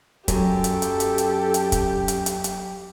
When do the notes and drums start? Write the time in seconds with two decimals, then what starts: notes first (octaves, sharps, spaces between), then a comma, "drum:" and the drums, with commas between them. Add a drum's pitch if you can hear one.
0.28 F#2 F#3 G4 A4, drum: kick, hi-hat
0.64 drum: hi-hat
0.82 drum: hi-hat
1.00 drum: hi-hat
1.18 drum: hi-hat
1.54 drum: hi-hat
1.72 drum: kick, hi-hat
2.08 drum: hi-hat
2.26 drum: hi-hat
2.44 drum: hi-hat